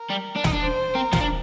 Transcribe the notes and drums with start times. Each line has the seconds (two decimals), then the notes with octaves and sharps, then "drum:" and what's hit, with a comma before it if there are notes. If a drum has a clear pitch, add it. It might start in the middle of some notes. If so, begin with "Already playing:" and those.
Already playing: A#4
0.10 G3
0.36 D4
0.44 D#4, drum: snare
0.53 D4
0.61 C5
0.95 C4 A#4
1.13 F3, drum: snare
1.21 D4